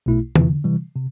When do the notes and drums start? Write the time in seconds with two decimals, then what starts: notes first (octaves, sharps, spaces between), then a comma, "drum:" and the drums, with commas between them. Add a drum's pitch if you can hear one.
0.06 B1 B2 A3 E4
0.35 E2 C3 E3, drum: tom D3
0.64 C3 E3 G3
0.95 C3